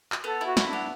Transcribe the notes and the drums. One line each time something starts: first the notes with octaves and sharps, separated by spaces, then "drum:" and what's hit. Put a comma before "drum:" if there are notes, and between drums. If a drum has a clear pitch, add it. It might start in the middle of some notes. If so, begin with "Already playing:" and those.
drum: clap
B3 A4
E4
F#4
E4, drum: snare
D4
B3